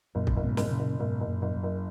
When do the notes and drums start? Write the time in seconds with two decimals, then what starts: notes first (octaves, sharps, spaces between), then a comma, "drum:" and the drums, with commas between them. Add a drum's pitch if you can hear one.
0.15 F#1 F#2 A#2
0.27 drum: kick
0.37 F#1
0.43 G#2 B2
0.57 F#1, drum: snare
0.71 A#2 C#3
0.79 F#1
1.00 F#1 G#2 B2
1.21 F#1
1.28 F#2 A#2
1.42 F#1
1.56 F#2
1.63 F#1